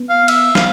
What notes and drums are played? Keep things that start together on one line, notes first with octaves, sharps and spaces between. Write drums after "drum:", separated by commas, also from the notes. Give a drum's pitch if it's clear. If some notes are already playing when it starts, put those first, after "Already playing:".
Already playing: B3
F5
E5, drum: cymbal
F5, drum: snare